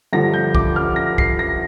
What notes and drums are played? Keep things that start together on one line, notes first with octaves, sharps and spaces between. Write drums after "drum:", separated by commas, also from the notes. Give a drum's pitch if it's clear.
G2 D3 F3 A#6
G6
D6, drum: kick
F6
A#6
C7, drum: kick
A#6